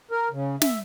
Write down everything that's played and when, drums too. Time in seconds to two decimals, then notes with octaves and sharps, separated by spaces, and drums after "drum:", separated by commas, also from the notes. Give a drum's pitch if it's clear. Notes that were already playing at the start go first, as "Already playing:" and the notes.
0.11 A#4
0.31 C#3
0.62 E5, drum: snare